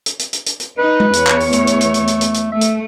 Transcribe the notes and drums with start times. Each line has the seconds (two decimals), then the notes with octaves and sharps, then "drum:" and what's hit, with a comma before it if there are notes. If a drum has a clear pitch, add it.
0.06 drum: hi-hat
0.19 drum: hi-hat
0.33 drum: hi-hat
0.46 drum: hi-hat
0.60 drum: hi-hat
0.78 D#4 B4
1.00 drum: tom G#3
1.13 E2 C#5, drum: hi-hat
1.27 drum: clap
1.40 drum: open hi-hat
1.53 A3, drum: hi-hat
1.67 drum: hi-hat
1.81 drum: hi-hat
1.94 drum: hi-hat
2.07 drum: hi-hat
2.21 drum: hi-hat
2.34 drum: hi-hat
2.52 A3 E5
2.61 drum: hi-hat